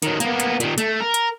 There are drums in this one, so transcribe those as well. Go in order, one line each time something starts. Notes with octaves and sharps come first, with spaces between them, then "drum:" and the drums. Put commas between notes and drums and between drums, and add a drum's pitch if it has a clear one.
D#3 F#3, drum: hi-hat
A#3 B3, drum: hi-hat
drum: hi-hat
A#2 D#3, drum: hi-hat
A3, drum: hi-hat
A#4
drum: hi-hat